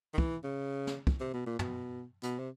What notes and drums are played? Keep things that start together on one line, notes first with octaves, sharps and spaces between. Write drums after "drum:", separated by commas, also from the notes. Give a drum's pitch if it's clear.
D#3
E3, drum: kick
C#3
drum: snare
drum: kick
C3
B2
A#2
B2, drum: tom
B2, drum: hi-hat
C3